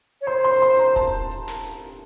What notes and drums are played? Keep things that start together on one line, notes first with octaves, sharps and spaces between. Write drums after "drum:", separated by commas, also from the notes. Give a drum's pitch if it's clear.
C#5
C5 C6
C6
C6, drum: hi-hat
A#5
A5, drum: kick D#1, hi-hat
drum: hi-hat
drum: snare
drum: hi-hat